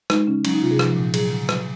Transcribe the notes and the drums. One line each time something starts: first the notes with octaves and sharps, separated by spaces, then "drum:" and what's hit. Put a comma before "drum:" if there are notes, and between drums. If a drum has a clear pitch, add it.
G#3 D#4, drum: rim click
C#3 C#4
F#3 C#4, drum: cymbal
D#4
C3 F4
G#4
F3, drum: rim click
A#2
F#3 G#4, drum: cymbal
C#3
F#3, drum: rim click